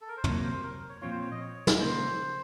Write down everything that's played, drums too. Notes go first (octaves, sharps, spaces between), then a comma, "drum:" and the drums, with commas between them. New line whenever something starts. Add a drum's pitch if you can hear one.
A4
A#4
C5
C3 F#3 A#3 C#5, drum: tom
C5
A#4
C#5
A#2 F3 C4 F4 C#5
C5
C#5
D#5
C#5
drum: snare
C#3 F3 A#3 C5